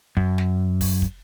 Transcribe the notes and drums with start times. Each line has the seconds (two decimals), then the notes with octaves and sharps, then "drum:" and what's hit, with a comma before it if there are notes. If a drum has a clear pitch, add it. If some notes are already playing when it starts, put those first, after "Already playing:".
0.17 F#2, drum: kick
0.38 drum: snare
0.81 drum: kick, open hi-hat
1.02 drum: kick